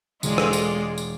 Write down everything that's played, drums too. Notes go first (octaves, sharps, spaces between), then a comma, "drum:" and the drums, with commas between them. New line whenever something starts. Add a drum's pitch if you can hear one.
E1 G#3 F4 D5, drum: tambourine
drum: rim click
drum: tambourine
drum: tambourine